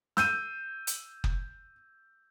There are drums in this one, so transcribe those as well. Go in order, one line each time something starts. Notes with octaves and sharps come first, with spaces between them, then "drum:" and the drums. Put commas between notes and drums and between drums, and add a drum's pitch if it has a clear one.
E6 G6 D#7, drum: snare
drum: hi-hat
drum: kick F#1